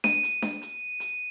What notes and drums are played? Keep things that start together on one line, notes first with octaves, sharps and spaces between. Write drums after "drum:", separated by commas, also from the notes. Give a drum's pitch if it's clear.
D#7, drum: snare D4
drum: hi-hat
drum: snare D4
drum: hi-hat
drum: hi-hat